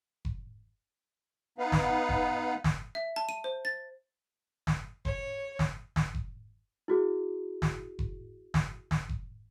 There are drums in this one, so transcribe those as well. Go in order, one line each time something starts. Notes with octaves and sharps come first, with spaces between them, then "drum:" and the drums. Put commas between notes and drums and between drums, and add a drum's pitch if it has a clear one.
drum: kick F1
B3 D#4 B4 F5
drum: snare
drum: kick F1
drum: snare
E5
A5
D#7
C5
A6
drum: snare
C#5, drum: kick F1
drum: snare
drum: snare
drum: kick F1
E4 F#4 G#4
drum: snare
drum: kick F1
drum: snare
drum: snare
drum: kick F1